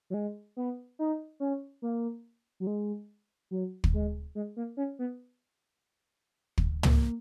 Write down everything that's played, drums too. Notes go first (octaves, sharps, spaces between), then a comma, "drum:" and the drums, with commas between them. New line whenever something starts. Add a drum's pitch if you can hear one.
F#3
G#3
B3
D#4
C#4
A#3
F#3
G#3
F#3
drum: kick
G#3
G#3
A#3
C#4
B3
drum: kick
B3, drum: tom
A#3